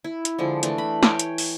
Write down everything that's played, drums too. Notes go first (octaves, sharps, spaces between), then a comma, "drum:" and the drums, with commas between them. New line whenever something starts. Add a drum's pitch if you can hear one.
E4
drum: hi-hat
D3 F3 G#3
E3 A3 D4, drum: hi-hat
B5
C#5 G5 G#5, drum: snare
drum: hi-hat
drum: open hi-hat